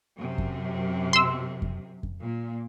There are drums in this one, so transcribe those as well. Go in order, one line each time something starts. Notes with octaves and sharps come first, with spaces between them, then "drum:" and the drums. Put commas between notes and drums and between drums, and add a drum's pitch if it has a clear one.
F#2 C3
drum: kick F2
C6 E6
drum: kick F2
drum: kick F2
A#2